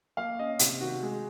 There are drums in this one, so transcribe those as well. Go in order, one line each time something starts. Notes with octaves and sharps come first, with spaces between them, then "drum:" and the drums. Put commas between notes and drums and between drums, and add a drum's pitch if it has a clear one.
A#3 F5
C#4 D#5
C3, drum: hi-hat
D#3 F#4
G#3